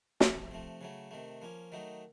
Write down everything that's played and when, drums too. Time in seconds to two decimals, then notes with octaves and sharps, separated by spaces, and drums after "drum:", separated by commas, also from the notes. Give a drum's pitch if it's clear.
0.20 C3 F3 A3, drum: snare
0.51 C3 F3 A3
0.81 C#3 F#3 A3
1.11 C3 D#3 A3
1.42 F3 A#3 C#4
1.72 D#3 F#3 A3 D#4